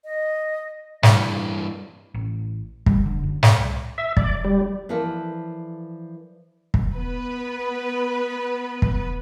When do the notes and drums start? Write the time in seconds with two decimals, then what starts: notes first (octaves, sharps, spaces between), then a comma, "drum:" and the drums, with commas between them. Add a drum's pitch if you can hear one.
0.05 D#5
1.03 G2 E3, drum: snare
2.15 A1
2.86 G3, drum: kick
3.06 D3
3.23 F#2
3.43 drum: snare
3.58 C2
3.98 E5
4.17 D5, drum: kick
4.45 G3
4.89 E3 F3 E4 A4 A#4 D5
6.74 drum: kick
6.95 B3 B4
8.82 drum: kick